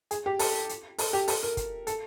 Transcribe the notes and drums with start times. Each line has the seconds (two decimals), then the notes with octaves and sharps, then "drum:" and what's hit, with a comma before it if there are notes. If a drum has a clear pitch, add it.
0.11 G#4, drum: hi-hat
0.26 G4
0.39 A4, drum: open hi-hat
0.69 drum: hi-hat
0.98 A4, drum: open hi-hat
1.13 G4
1.28 A4, drum: open hi-hat
1.43 A#4
1.57 drum: kick, hi-hat
1.87 A4, drum: hi-hat